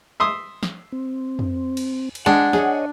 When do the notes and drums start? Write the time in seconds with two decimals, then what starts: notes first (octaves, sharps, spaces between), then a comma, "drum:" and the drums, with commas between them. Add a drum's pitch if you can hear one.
0.20 E5 C6 D#6
0.63 drum: snare
0.92 C4
1.39 drum: tom F2
1.77 drum: cymbal
2.15 drum: cymbal
2.26 G#3 D4 F#5
2.53 G#4 C#5 D#5, drum: snare